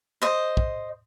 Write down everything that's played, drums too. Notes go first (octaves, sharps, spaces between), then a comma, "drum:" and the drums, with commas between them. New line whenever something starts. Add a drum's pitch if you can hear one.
C5 D#5
drum: kick